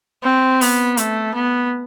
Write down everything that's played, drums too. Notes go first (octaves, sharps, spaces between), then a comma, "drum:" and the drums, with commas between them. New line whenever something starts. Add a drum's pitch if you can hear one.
C4
B3, drum: open hi-hat
A3, drum: hi-hat
B3